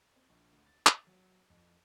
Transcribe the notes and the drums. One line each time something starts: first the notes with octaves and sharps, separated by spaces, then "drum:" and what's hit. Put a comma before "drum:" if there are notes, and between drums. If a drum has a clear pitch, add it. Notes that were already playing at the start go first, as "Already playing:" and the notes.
C4
A#1
D2
A6
A6, drum: clap
F#3
F2